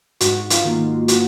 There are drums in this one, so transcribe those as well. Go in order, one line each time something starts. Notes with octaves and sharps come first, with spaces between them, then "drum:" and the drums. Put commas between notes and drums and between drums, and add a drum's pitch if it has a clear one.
G#2 F#4, drum: hi-hat
F4, drum: hi-hat
D#3 A#3
F#4, drum: hi-hat